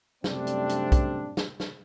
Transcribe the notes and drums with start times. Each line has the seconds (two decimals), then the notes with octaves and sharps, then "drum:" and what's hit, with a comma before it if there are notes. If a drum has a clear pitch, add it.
0.24 F#2 C3 G3 A3 C4 D4, drum: snare
0.47 drum: hi-hat
0.69 drum: hi-hat
0.92 drum: kick, hi-hat
1.37 drum: snare
1.60 drum: snare